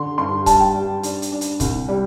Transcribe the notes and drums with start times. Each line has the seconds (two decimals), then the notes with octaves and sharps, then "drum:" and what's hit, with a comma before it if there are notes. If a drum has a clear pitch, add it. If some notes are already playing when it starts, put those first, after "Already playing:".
Already playing: D3 C6
0.18 G2 C6
0.46 G3 A5, drum: kick C#1, hi-hat
0.60 G5
0.74 G3
1.03 D4, drum: hi-hat
1.22 drum: hi-hat
1.32 D4
1.41 drum: hi-hat
1.60 C2, drum: kick C#1, hi-hat
1.88 G3